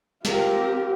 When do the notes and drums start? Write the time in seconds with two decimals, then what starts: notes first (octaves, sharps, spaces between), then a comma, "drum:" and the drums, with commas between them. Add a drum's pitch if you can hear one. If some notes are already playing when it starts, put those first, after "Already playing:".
0.25 C4 F4 G4 A#4, drum: snare